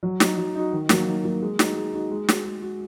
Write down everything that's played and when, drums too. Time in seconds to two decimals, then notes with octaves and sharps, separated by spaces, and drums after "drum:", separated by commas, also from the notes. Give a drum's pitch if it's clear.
0.03 F#3
0.20 D#4 F#4, drum: snare
0.38 F#3
0.55 D#4 F#4
0.73 D#3
0.89 F#3 A#3 F#4, drum: snare
1.07 D#3
1.24 F#3 A#3 F#4
1.42 G#3
1.59 D#4 F#4, drum: snare
1.76 G#3
1.93 D#4 F#4
2.11 G#3
2.29 F#4, drum: snare
2.45 G#3
2.62 F#4